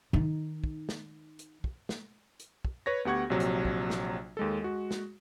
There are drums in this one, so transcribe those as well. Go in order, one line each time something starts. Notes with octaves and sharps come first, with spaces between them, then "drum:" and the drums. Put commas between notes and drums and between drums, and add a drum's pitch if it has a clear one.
D#3 D#4
drum: kick
drum: snare
drum: hi-hat
drum: kick
drum: snare
drum: hi-hat
drum: kick
B4 C#5 A#6
D2 B3 G4 F#5 C#6 G#6
A#1 C3 F#3
drum: hi-hat
drum: kick
drum: snare
D#2 G#3 A4
G#3 F#4
drum: snare